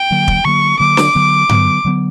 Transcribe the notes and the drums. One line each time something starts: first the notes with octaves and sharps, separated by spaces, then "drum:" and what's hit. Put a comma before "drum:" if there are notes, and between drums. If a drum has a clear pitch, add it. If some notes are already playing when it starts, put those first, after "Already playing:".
Already playing: G5
D3 F#3 A#3
drum: kick
D3 F#3 A#3 C#6
D3 F#3 A#3 D6
drum: snare
D3 F#3 B3
D3 F#3 B3, drum: tom G2
D3 F#3 B3